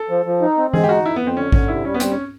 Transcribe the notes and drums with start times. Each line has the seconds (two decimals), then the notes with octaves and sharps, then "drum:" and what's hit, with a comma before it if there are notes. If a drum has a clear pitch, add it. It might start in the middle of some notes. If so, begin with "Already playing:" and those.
Already playing: A4
0.09 F3
0.26 F3
0.41 D#4
0.58 C4
0.74 G#3 G#4, drum: tom E3
0.84 G4
0.89 D#4 F#4
1.05 F2 E4
1.16 F2 B3
1.27 C4
1.37 D3 C#4
1.52 D3 C#4, drum: kick A1
1.68 C3 E4
1.85 G3 C#4
1.94 B3
2.00 G3 C4, drum: hi-hat
2.11 C#4